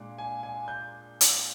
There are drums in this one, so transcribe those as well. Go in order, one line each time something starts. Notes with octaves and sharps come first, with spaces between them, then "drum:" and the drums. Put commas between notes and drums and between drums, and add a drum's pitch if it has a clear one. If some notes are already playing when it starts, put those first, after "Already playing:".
Already playing: A#2 G#3 D4
G#5
G#5
G6
drum: hi-hat